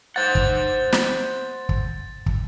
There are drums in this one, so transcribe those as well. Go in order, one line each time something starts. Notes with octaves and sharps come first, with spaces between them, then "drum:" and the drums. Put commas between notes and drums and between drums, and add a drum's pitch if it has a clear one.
C5 F#5 A6
drum: kick
drum: snare
drum: kick
drum: kick